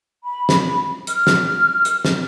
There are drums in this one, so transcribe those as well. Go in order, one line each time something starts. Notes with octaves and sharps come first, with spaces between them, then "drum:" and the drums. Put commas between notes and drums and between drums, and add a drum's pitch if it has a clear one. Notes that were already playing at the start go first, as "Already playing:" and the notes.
B5
drum: snare
F6, drum: hi-hat
drum: snare
drum: hi-hat
drum: snare